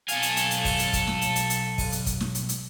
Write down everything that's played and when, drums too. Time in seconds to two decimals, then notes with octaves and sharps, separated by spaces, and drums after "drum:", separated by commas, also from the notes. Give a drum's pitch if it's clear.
0.08 B1 A4 F5 G#5, drum: hi-hat
0.22 drum: hi-hat
0.37 drum: hi-hat
0.51 drum: hi-hat
0.65 drum: kick, open hi-hat
0.79 drum: hi-hat
0.93 drum: kick, hi-hat
1.07 drum: snare
1.21 drum: hi-hat
1.36 drum: hi-hat
1.50 drum: hi-hat
1.78 drum: kick, open hi-hat
1.92 drum: hi-hat
2.06 drum: kick, hi-hat
2.20 drum: snare
2.35 drum: hi-hat
2.49 drum: hi-hat